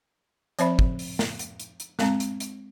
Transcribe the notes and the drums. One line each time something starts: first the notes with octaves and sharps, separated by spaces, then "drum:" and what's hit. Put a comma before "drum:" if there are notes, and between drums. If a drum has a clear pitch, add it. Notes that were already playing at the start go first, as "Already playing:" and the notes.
F3 C4 C5 D5 E5 B5, drum: hi-hat
drum: kick
drum: open hi-hat
drum: snare
drum: hi-hat
drum: hi-hat
drum: hi-hat
G#3 C4 A#5, drum: snare
drum: hi-hat
drum: hi-hat